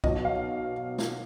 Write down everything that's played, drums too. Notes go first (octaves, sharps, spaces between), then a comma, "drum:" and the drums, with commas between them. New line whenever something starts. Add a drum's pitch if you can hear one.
B1 B2 F#3 D#5, drum: kick C2
F5
drum: snare